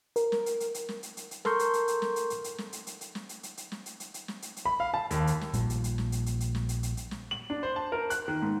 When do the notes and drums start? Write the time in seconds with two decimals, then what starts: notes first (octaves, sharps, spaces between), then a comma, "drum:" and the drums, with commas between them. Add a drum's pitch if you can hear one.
0.16 A#4, drum: hi-hat
0.32 drum: snare
0.46 drum: hi-hat
0.60 drum: hi-hat
0.74 drum: hi-hat
0.89 drum: snare
1.03 drum: hi-hat
1.17 drum: hi-hat
1.31 drum: hi-hat
1.45 A4 A#4 A#5 C6 C#6 G6, drum: snare
1.59 drum: hi-hat
1.73 drum: hi-hat
1.88 drum: hi-hat
2.02 drum: snare
2.16 drum: hi-hat
2.30 drum: hi-hat
2.44 drum: hi-hat
2.58 drum: snare
2.73 drum: hi-hat
2.87 drum: hi-hat
3.01 drum: hi-hat
3.15 drum: snare
3.29 drum: hi-hat
3.43 drum: hi-hat
3.57 drum: hi-hat
3.72 drum: snare
3.86 drum: hi-hat
4.00 drum: hi-hat
4.14 drum: hi-hat
4.28 drum: snare
4.42 drum: hi-hat
4.56 drum: hi-hat
4.66 B5
4.80 F5
4.94 A5
5.11 D#2, drum: hi-hat
5.27 drum: hi-hat
5.41 drum: snare
5.53 A#1 A#2 G3, drum: hi-hat
5.70 drum: hi-hat
5.84 drum: hi-hat
5.98 drum: snare
6.12 drum: hi-hat
6.26 drum: hi-hat
6.40 drum: hi-hat
6.55 drum: snare
6.69 drum: hi-hat
6.83 drum: hi-hat
6.97 drum: hi-hat
7.11 drum: snare
7.31 F#7
7.50 D4
7.63 C5
7.76 A5
7.92 A#4
8.10 F#6, drum: hi-hat
8.28 D#3
8.42 G#2